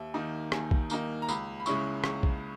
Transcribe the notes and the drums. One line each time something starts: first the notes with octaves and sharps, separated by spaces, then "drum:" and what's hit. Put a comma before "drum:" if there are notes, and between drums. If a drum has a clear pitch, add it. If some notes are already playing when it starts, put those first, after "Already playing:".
Already playing: D#2 E5
D#3 A#3 D#4
D#2 G#5, drum: rim click
drum: kick A#1
D#3 A#3 D#4, drum: tambourine
A#5
C#2 B5, drum: tambourine
B5
C#3 G#3 C#4 E4 C#6, drum: tambourine
C#2 C#6, drum: rim click
drum: kick A#1